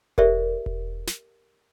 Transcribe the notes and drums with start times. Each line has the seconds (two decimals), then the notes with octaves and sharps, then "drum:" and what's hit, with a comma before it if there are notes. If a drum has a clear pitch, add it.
0.18 G4 A4 A#4 C5 D5 E5, drum: kick E1
0.66 drum: kick E1
1.07 drum: snare